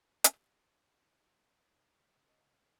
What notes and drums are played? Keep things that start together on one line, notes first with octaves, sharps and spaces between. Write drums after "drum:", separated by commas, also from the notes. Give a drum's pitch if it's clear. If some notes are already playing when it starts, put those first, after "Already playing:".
G4, drum: hi-hat
D#4 A#4
C#3 C5 C#6 D#6
C#5 D#5 F5